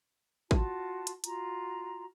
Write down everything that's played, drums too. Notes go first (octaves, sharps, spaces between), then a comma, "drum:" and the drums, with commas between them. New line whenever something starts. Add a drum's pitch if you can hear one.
F4 F#4 A5, drum: kick
drum: hi-hat
F4 F#4 A#5, drum: hi-hat